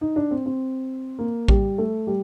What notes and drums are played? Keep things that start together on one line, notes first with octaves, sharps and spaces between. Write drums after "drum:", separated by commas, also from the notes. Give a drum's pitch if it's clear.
D#4
D4
C4
C4
A#3
G3, drum: kick A1
A3
G3